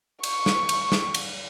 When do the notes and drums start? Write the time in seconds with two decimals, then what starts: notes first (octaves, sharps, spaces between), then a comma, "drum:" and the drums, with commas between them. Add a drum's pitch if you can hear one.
0.23 C#6, drum: cymbal
0.46 drum: snare
0.69 drum: cymbal
0.92 drum: snare
1.14 drum: cymbal